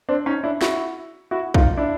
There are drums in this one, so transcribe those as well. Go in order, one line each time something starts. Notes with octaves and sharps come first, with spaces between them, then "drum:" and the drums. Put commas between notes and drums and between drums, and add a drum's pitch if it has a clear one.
C4 D4
C#4 D#4
D4 E4
E4 F#4, drum: snare
E4 F#4
D#4 F4, drum: kick
D4 E4